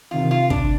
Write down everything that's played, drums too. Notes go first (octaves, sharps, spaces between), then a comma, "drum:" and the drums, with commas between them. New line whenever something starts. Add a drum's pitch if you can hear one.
C3 D#3 F4
F4
D4, drum: kick